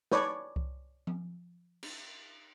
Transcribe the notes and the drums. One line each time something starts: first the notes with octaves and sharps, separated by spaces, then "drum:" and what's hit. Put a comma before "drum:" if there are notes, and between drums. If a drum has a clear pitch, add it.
B4 C#5 D5 A5, drum: snare
drum: kick C2
drum: tom F3
drum: cymbal